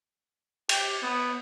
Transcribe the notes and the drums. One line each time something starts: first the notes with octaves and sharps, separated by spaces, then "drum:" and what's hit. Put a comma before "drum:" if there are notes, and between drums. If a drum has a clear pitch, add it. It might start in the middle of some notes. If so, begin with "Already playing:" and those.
G4, drum: cymbal
B3